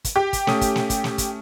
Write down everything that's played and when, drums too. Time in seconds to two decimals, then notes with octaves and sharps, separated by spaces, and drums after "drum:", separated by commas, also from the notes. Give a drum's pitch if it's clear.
0.05 drum: kick, hi-hat
0.16 G4
0.33 drum: kick, hi-hat
0.47 A3 C#4 D#6, drum: snare
0.61 drum: kick, hi-hat
0.76 drum: snare
0.90 drum: kick, hi-hat
1.04 drum: snare
1.18 drum: kick, hi-hat